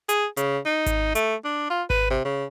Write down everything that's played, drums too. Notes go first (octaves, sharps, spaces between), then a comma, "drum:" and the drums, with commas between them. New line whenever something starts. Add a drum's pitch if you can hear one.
G#4, drum: hi-hat
C#3, drum: hi-hat
D#4
drum: kick G#1, hi-hat
A3, drum: hi-hat
D4
F4
B4, drum: kick G#1
C3
C#3